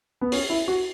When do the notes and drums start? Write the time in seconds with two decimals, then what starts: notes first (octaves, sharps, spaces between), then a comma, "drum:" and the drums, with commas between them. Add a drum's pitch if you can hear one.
0.21 B3
0.32 C#4, drum: open hi-hat
0.50 E4
0.68 F#4